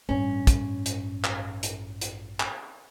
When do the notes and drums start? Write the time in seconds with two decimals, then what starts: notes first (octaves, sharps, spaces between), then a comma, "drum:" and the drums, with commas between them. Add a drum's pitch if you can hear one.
0.09 A1 G2 C#4
0.47 drum: kick, hi-hat
0.86 drum: hi-hat
1.24 drum: clap
1.63 drum: hi-hat
2.01 drum: hi-hat
2.40 drum: clap